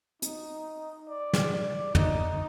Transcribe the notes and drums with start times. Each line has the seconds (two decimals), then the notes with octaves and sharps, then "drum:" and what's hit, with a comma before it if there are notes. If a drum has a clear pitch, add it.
0.22 D#4, drum: hi-hat
1.09 D5
1.33 drum: snare
1.52 D5
1.95 D#4, drum: tom